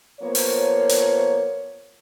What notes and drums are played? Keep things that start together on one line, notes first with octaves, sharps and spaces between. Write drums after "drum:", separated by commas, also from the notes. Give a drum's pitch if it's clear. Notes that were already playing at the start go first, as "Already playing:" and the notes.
F3 A#3 B3 C5 C#5
drum: open hi-hat
drum: hi-hat